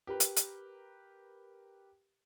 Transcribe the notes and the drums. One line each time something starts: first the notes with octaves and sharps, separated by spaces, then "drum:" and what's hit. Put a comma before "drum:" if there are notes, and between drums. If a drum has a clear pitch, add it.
G4 A#4 B4
drum: hi-hat
drum: hi-hat